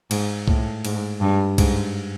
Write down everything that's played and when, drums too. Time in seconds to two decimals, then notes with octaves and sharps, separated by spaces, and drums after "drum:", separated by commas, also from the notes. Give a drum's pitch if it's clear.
0.11 G#2, drum: cymbal
0.48 A2, drum: kick C2
0.85 G#2, drum: cymbal
1.21 G2
1.58 G#2, drum: kick C2, cymbal